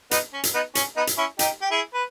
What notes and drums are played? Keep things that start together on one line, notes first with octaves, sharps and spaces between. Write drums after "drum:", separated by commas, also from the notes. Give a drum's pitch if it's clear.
B3 D#4, drum: hi-hat
C#4
drum: hi-hat
B3 D#4
C#4, drum: hi-hat
B3 D#4
drum: hi-hat
C#4 E4
D#4 G4, drum: hi-hat
G4
E4 G#4
B4